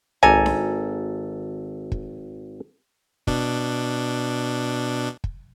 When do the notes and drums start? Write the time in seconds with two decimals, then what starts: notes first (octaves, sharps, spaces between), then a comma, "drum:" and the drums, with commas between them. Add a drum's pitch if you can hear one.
0.23 G#1 A4 D5 G#5 A#5, drum: tom C2
0.46 drum: snare D4
1.92 drum: kick
3.27 B2 D4, drum: kick
5.24 drum: kick